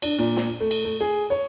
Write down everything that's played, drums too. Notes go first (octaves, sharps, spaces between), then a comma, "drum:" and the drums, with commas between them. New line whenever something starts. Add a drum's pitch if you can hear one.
D4, drum: cymbal
A#2
drum: snare
A3
drum: cymbal
A3
G#4
C#5